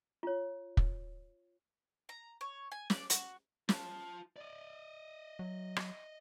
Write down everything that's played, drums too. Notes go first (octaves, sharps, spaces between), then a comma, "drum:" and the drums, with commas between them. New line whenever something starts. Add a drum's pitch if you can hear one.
F4 C#5
drum: kick
A#5
C#5
G#5
D5, drum: snare
F#4, drum: hi-hat
F4 A5, drum: snare
D5 D#5
F#3
drum: rim click